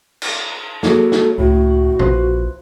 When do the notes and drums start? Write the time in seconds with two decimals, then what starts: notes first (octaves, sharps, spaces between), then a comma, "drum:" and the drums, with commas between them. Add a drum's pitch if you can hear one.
0.22 drum: cymbal
0.83 F#3 G#3 A#3 A4, drum: snare
1.12 drum: snare
1.38 C#2 A2 F#4
1.99 A#1 F4 B4 C5, drum: tom